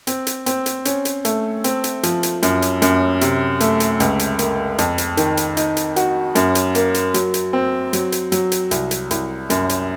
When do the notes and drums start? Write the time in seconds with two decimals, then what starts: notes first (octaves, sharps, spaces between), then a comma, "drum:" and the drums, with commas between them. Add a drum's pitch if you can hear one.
0.07 C4, drum: hi-hat
0.27 drum: hi-hat
0.46 C4, drum: hi-hat
0.66 drum: hi-hat
0.85 C#4, drum: hi-hat
1.05 drum: hi-hat
1.25 A3, drum: hi-hat
1.64 C4, drum: hi-hat
1.84 drum: hi-hat
2.03 F3, drum: hi-hat
2.23 drum: hi-hat
2.43 F#2, drum: hi-hat
2.62 drum: hi-hat
2.82 F#2, drum: hi-hat
3.21 C3, drum: hi-hat
3.60 A3, drum: hi-hat
3.80 drum: hi-hat
4.00 C#2, drum: hi-hat
4.19 drum: hi-hat
4.39 A#3, drum: hi-hat
4.78 F2, drum: hi-hat
4.98 drum: hi-hat
5.17 D#3, drum: hi-hat
5.37 drum: hi-hat
5.57 D#4, drum: hi-hat
5.77 drum: hi-hat
5.96 F#4, drum: hi-hat
6.35 F#2, drum: hi-hat
6.55 drum: hi-hat
6.75 A#3, drum: hi-hat
6.94 drum: hi-hat
7.14 F#3, drum: hi-hat
7.34 drum: hi-hat
7.53 C4
7.93 F#3, drum: hi-hat
8.12 drum: hi-hat
8.32 F#3, drum: hi-hat
8.52 drum: hi-hat
8.71 C2, drum: hi-hat
8.91 drum: hi-hat
9.11 C2, drum: hi-hat
9.50 F#2, drum: hi-hat
9.69 drum: hi-hat